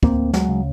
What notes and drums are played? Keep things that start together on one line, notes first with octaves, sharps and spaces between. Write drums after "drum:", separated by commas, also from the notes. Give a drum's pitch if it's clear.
D2 A#3 C4, drum: kick
F#3 G#3, drum: snare
C#3